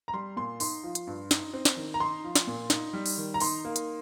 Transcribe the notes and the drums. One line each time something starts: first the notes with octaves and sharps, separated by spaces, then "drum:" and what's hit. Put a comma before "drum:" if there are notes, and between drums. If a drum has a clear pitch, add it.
A#5
G3 C6
A#2 C6
D#4 C6, drum: open hi-hat
F3
drum: hi-hat
G2
D#4, drum: snare
C4
drum: snare
D#3
A#5
D#4 C6
F3
drum: snare
A#2
D#4, drum: snare
G3
drum: open hi-hat
D#3
A#5
D#4 C6, drum: open hi-hat
A#3
drum: hi-hat